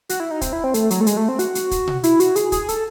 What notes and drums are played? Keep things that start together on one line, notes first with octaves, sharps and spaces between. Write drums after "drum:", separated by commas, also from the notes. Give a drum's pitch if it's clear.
F#4, drum: hi-hat
E4
D#4
C4, drum: kick, hi-hat
E4
C4
A3, drum: hi-hat
F#3, drum: hi-hat
A3
G#3, drum: hi-hat
A3
C4
F#4, drum: hi-hat
drum: hi-hat
drum: kick, hi-hat
drum: tom B2
E4, drum: hi-hat
F#4, drum: hi-hat
G#4, drum: hi-hat
G#4, drum: kick, hi-hat
A4, drum: hi-hat